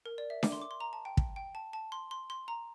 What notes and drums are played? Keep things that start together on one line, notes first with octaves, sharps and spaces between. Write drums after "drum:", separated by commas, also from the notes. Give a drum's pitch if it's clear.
A#4
D5
E5
D6, drum: snare D4
C6
D6
C6
A#5
A5
G5
drum: kick
G5
A5
A5
C6
C6
C6
A#5